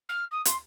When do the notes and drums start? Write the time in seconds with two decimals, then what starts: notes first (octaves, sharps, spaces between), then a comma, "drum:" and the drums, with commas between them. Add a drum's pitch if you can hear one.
0.09 F6
0.31 D#6
0.45 C6, drum: hi-hat